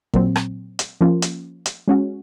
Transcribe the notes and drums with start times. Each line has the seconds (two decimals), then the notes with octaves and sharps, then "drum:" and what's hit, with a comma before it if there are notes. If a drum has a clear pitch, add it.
0.14 A#2 F#3 C4, drum: kick
0.36 drum: rim click
0.79 drum: hi-hat
1.01 F3 A#3 C#4 F4
1.22 drum: hi-hat
1.66 drum: hi-hat
1.88 G#3 C#4 F#4